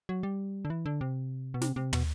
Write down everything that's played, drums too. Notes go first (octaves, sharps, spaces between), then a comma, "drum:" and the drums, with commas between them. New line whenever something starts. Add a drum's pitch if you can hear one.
F#3
G3
D3
E3
D3
C3
B2
C3, drum: snare
C3
B2, drum: tom